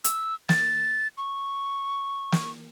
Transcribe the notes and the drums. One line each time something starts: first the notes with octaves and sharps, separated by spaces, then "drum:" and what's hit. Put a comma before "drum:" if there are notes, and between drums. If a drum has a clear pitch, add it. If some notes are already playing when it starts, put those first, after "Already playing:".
E6, drum: hi-hat
A6, drum: snare
C#6
drum: snare